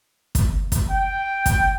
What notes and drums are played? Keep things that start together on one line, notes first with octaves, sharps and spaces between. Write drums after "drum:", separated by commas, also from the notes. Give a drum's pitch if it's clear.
drum: kick, hi-hat
drum: kick, hi-hat
G5
drum: kick, hi-hat